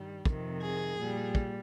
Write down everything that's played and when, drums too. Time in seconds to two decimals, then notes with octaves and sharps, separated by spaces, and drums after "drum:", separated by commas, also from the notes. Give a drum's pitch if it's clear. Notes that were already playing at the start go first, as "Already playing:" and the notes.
Already playing: G2 D#3 G3
0.25 F2 C3 D#3, drum: kick
0.62 G#4
0.98 A#2 G3
1.35 drum: kick